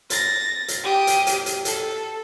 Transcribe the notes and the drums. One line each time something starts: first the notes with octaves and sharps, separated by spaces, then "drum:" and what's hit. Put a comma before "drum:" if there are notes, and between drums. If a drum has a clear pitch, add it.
A6 A#6, drum: hi-hat
drum: hi-hat
G4 D#6
drum: hi-hat
drum: hi-hat
drum: hi-hat
A4, drum: hi-hat